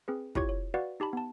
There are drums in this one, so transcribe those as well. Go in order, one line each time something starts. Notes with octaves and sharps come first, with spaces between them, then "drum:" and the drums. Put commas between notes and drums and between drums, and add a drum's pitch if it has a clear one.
C4 G#4 B4
E4 F4 G4 C#5 C#6 G#6, drum: kick
C#5
F#4 B4 D5 F5 F#5
D#4 G4 A5 B5
B3 A5